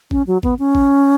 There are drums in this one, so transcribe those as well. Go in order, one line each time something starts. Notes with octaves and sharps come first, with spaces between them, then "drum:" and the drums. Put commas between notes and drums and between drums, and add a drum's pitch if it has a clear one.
C#4, drum: kick A1
F#3
B3, drum: kick A1
C#4
drum: kick A1